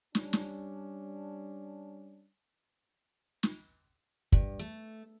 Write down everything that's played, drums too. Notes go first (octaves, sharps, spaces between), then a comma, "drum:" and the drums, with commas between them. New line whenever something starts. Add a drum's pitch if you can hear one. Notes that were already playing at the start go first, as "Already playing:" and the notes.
G3 C#4 D4, drum: snare
drum: snare
drum: snare
G2, drum: kick
A3